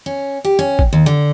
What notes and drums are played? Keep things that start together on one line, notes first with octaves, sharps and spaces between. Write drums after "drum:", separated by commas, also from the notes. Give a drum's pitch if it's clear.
C#4
G4
C#4
drum: kick
D#2
D3